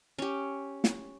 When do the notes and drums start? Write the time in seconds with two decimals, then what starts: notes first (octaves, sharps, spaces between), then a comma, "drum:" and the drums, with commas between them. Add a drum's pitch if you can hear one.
0.19 C#4 G4
0.84 drum: snare